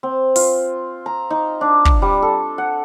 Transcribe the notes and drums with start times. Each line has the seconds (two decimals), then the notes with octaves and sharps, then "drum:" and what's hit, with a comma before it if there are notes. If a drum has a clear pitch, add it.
0.03 C4
0.36 F4, drum: open hi-hat
1.06 A#5
1.30 D#4
1.61 D4
1.85 drum: kick
2.02 G3
2.22 A4
2.58 F#5